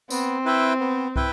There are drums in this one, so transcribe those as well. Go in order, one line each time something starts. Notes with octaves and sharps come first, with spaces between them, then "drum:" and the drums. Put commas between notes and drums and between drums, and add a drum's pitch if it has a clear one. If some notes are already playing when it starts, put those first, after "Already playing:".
B3 C4, drum: tambourine
E4 B4 E5 G5
B3
E4 B4 E5 G5, drum: kick